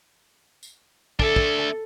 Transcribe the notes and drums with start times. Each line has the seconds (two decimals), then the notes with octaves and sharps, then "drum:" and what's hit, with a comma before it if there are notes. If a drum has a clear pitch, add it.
0.63 drum: tambourine
1.20 D4 A4 E5, drum: kick
1.36 drum: kick